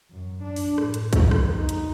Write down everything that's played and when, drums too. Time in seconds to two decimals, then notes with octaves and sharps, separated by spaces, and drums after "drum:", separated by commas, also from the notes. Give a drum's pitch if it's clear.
0.11 F#2
0.43 D4
0.56 drum: open hi-hat
0.78 A2, drum: rim click
0.94 drum: hi-hat
1.13 F2, drum: kick B1, hi-hat
1.31 drum: rim click
1.55 D#4
1.69 drum: hi-hat